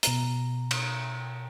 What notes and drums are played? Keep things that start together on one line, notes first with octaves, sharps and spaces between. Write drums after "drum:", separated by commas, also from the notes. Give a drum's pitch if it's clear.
B2 A#5, drum: hi-hat
drum: cymbal